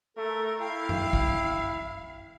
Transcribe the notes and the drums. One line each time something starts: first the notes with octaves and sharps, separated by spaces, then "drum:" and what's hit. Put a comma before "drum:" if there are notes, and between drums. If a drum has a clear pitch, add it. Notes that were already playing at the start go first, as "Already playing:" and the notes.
A3 A4 A#4
E4 F5 G5
drum: tom F#2
drum: kick